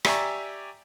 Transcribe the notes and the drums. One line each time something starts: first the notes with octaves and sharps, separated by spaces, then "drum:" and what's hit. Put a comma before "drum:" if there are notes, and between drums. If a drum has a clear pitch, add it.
G4 D5 E5 G#5 A#5 C#6, drum: rim click